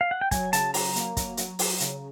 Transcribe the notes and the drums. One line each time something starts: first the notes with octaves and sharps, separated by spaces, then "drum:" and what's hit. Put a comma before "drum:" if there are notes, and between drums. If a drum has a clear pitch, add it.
F5
F#5
G5
F#3 G#5, drum: kick, hi-hat
C#3 A5, drum: hi-hat
F#3 A#5, drum: open hi-hat
A#3, drum: hi-hat
F#3, drum: kick, hi-hat
F#3, drum: hi-hat
F#3, drum: open hi-hat
C#3, drum: hi-hat